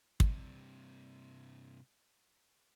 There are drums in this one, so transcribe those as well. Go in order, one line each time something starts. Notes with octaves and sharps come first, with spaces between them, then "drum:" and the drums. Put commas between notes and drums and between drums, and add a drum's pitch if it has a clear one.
G2 C3, drum: kick